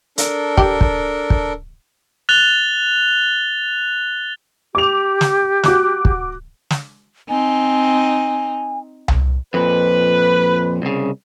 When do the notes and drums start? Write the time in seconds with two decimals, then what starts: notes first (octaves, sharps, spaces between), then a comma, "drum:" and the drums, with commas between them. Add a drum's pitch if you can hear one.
0.18 D4 A4 A#4, drum: hi-hat
0.57 G4, drum: kick
0.81 drum: kick
1.30 drum: kick
2.29 F#6 A6 F7 G7
4.75 G4 D6 F7
5.21 drum: snare
5.64 F#4 D6 F#6, drum: snare
6.05 drum: kick
6.71 drum: snare
7.29 C4 D#4 G#5
9.08 drum: tom C2
9.54 F2 A#2 B4
10.82 C2 C#3